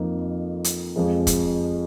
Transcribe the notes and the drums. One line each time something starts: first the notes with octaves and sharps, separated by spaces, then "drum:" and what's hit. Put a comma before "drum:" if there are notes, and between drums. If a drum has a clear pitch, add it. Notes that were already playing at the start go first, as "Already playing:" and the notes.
Already playing: F2 F3 A#3 D#4
drum: hi-hat
F2 F3 G#3
drum: kick, hi-hat